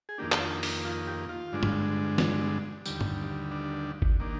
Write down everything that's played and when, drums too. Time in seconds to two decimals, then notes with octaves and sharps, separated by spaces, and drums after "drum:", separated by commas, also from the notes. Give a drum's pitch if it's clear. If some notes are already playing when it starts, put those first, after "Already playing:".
0.09 G#4
0.18 F2 D#3 A#3 D4 G4
0.32 G4, drum: clap
0.41 F4
0.63 D4, drum: open hi-hat
0.85 F4
1.07 G4
1.29 F4
1.52 G2 D3 G#3 D4
1.63 drum: tom G2
2.18 drum: snare
2.86 D#2 D3 G3, drum: tambourine
3.01 drum: tom
3.51 D4
4.02 drum: kick G#1
4.20 D#3 A#3 D4